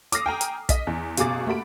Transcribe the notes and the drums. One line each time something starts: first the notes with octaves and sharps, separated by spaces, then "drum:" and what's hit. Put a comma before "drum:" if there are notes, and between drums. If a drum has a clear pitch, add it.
D6 D#6 F6 A#6 C7, drum: hi-hat
G5 G#5 A#5
drum: hi-hat
D#5 B6, drum: kick, hi-hat
E2
F#1 B2 G#4 F5 D6 A6, drum: hi-hat
A3 A#3 F#4 B5 D7